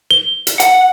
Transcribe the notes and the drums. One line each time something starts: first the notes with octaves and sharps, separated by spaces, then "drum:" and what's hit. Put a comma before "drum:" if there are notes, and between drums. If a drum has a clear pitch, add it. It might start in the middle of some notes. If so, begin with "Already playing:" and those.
G7
drum: hi-hat
F#5, drum: hi-hat